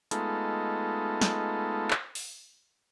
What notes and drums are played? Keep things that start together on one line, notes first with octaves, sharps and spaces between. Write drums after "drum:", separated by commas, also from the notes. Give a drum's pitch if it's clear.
G#3 A3 B3 D#4 F4 A4, drum: hi-hat
drum: snare
drum: clap
drum: open hi-hat